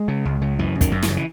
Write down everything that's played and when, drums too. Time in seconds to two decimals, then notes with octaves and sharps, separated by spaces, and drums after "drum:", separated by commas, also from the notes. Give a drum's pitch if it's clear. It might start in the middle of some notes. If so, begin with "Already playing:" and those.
Already playing: G#3
0.08 C#3
0.25 C#2
0.42 C#3
0.59 F#2 E3
0.76 F#2
0.81 D#3, drum: kick, hi-hat
0.92 F#2
1.03 E3, drum: snare
1.08 C#3 F#3
1.17 E3